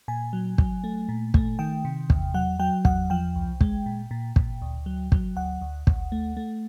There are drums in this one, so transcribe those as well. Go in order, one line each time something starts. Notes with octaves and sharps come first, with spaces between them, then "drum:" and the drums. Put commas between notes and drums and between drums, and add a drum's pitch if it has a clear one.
A#2 G#5
F#3
F#3, drum: kick
A3
A#2
A3, drum: kick
D#3 G5
C3
E2, drum: kick
F#3 F#5
F#3 G5
E2 F#5, drum: kick
F3 G5
C2
G#3, drum: kick
A#2
A#2
A#2, drum: kick
D2
F#3
F#3, drum: kick
D2 F#5
D2
D2, drum: kick
A3
A3